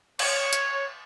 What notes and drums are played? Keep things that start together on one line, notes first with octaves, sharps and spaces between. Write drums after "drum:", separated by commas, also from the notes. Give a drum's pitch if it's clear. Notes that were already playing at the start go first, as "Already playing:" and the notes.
C#5, drum: cymbal
drum: hi-hat